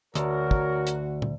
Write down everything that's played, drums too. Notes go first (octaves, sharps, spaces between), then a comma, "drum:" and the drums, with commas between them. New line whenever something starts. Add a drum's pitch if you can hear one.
D2 F#4 A#4 C#5, drum: hi-hat
drum: kick
drum: hi-hat
drum: tom